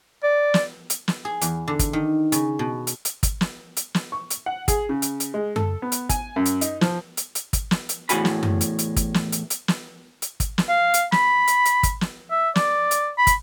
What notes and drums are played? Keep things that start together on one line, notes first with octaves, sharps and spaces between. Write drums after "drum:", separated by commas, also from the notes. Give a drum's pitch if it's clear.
D5
drum: snare
drum: hi-hat
drum: snare
G#4
E2, drum: hi-hat
D3
drum: kick, hi-hat
D#3
C#3, drum: hi-hat
B2
drum: hi-hat
drum: hi-hat
drum: kick, hi-hat
drum: snare
drum: hi-hat
drum: snare
C#6
drum: hi-hat
F#5
G#4, drum: kick, hi-hat
C#3
drum: hi-hat
drum: hi-hat
G#3
A4, drum: tom F#2
B3
drum: hi-hat
G#5, drum: kick, hi-hat
F#2
drum: hi-hat
D#4, drum: hi-hat
F3, drum: snare
drum: hi-hat
drum: hi-hat
drum: kick, hi-hat
drum: snare
drum: hi-hat
E2 A2 F#4 G#5 B5, drum: hi-hat
drum: snare
drum: tom F#2
drum: hi-hat
drum: hi-hat
drum: kick, hi-hat
drum: snare
drum: hi-hat
drum: hi-hat
drum: snare
drum: hi-hat
drum: kick, hi-hat
drum: snare
F5
drum: hi-hat
B5, drum: snare
drum: hi-hat
drum: hi-hat
drum: kick, hi-hat
drum: snare
E5
D5, drum: snare
drum: hi-hat
B5
drum: kick, hi-hat